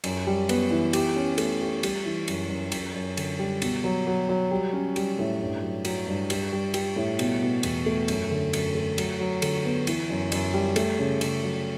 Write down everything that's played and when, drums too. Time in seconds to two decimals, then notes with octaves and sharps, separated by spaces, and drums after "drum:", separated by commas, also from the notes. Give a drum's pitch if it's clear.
0.04 F#2, drum: cymbal
0.27 G3
0.49 B3, drum: cymbal
0.71 E3
0.93 G4, drum: cymbal
1.16 C#4
1.38 A3, drum: cymbal
1.61 G4
1.83 G3, drum: cymbal
2.05 E3
2.28 F#2, drum: cymbal
2.50 F#2
2.72 F#2, drum: cymbal
2.94 F#2
3.17 D3, drum: cymbal
3.39 G3
3.62 B2, drum: cymbal
3.84 F#3
4.07 F#3
4.29 F#3
4.51 G3
4.73 C#4
4.96 G3, drum: cymbal
5.19 A2
5.40 G2
5.62 F#3
5.85 F#3, drum: cymbal
6.07 G2
6.30 G3, drum: cymbal
6.52 G3
6.74 G3, drum: cymbal
6.96 A2
7.19 B2, drum: cymbal
7.42 B2
7.63 E2, drum: cymbal
7.86 A3
8.08 F#2, drum: cymbal
8.31 D3
8.53 F#2, drum: cymbal
8.75 A3
8.98 F#3, drum: cymbal
9.20 F#3
9.42 D3, drum: cymbal
9.65 B3
9.87 E3, drum: cymbal
10.10 F#2
10.32 F#2, drum: cymbal
10.54 G3
10.76 A3, drum: cymbal
10.99 C#3
11.21 C#3, drum: cymbal
11.43 F#3